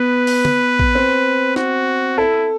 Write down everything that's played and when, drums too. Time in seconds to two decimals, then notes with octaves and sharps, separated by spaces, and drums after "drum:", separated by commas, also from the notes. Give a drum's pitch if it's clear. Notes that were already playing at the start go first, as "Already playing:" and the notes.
Already playing: B3 B4
0.27 drum: open hi-hat
0.45 drum: tom
0.79 drum: kick A#1
0.95 C4
1.56 F#4, drum: snare
2.18 E4 A4